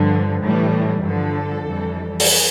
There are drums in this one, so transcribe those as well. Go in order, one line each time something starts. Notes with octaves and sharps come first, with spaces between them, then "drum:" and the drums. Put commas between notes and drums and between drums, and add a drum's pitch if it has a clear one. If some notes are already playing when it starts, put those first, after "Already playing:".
Already playing: G2 D3 F3
A2 E3 G3
G2 D3 F3 A4
F2 E3 G3
drum: open hi-hat